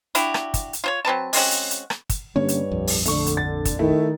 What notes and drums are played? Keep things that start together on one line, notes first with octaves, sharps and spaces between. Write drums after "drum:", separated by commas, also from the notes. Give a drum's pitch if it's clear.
D4 E4 F#4 G4, drum: hi-hat
drum: rim click
drum: kick, hi-hat
drum: hi-hat
F4 C5 C#5
F#3 C4 B4 A5
G#3 C4 C#4 F#4, drum: open hi-hat
drum: hi-hat
drum: hi-hat
drum: rim click
drum: kick, hi-hat
G2 D3 A#3 C#4 C#5
drum: hi-hat
A#1 F2
drum: open hi-hat
D3 A3 C#6, drum: hi-hat
drum: hi-hat
A6
drum: kick, hi-hat
D#3 A3 E4